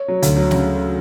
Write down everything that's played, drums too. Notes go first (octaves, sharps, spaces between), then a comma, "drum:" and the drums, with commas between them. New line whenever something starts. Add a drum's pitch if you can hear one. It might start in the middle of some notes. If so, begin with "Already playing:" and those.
Already playing: C#5
F#3
D2, drum: hi-hat
F#3
C#3, drum: snare